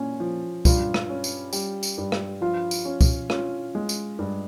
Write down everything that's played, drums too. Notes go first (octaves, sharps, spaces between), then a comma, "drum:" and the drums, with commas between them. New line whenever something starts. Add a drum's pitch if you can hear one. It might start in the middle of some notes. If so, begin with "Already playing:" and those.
Already playing: A#2 C#4
F3
G2 F4, drum: kick, tambourine
drum: rim click
C#4
drum: tambourine
G3, drum: tambourine
drum: tambourine
G2
drum: rim click
F3 F4
drum: tambourine
C#4
drum: kick, tambourine
C#4 F4, drum: rim click
G#3
drum: tambourine
G2